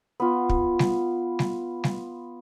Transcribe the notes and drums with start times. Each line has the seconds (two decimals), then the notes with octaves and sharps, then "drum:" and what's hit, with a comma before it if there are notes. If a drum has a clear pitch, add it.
0.20 B3 F4
0.49 drum: kick
0.79 drum: snare G3
1.39 drum: snare G3
1.84 drum: snare G3